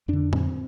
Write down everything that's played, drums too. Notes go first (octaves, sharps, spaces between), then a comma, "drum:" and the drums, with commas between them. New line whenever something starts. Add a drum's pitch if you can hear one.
F2 D3 D4
C4, drum: tom